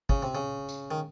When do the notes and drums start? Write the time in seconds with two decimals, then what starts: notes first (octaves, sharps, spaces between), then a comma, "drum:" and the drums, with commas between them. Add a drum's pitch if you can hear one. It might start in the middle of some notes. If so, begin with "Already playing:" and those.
0.09 C#3, drum: kick
0.22 C3
0.35 C#3
0.69 drum: tambourine
0.91 D#3